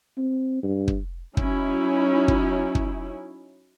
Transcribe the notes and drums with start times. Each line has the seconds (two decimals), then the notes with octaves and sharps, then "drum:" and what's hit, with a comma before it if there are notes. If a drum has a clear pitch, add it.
0.17 C4
0.63 G2
0.88 drum: kick
1.37 F#3 C#4 D#4 E4, drum: kick
2.28 drum: kick
2.75 drum: kick